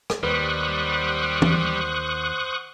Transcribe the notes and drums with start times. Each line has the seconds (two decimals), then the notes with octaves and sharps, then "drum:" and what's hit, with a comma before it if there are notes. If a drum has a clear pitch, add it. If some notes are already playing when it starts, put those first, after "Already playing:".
0.10 drum: rim click
0.23 D#2 G3 B4 C5 F#5 C#6 D#6 F#6
1.42 drum: tom